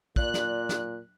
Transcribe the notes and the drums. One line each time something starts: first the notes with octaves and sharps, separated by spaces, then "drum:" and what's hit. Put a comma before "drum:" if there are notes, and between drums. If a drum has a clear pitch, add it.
A#2 D5 F#6, drum: kick
drum: snare
drum: snare